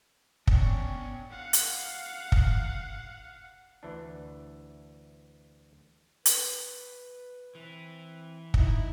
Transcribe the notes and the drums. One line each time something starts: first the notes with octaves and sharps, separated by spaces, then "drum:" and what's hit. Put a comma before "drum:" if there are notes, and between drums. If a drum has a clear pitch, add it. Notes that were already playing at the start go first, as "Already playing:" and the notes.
B3 C#4 D4 G5, drum: kick
F5 F#5
drum: hi-hat
drum: kick
D2 E3 D4
B4, drum: hi-hat
E3 C4
D#4 E4, drum: kick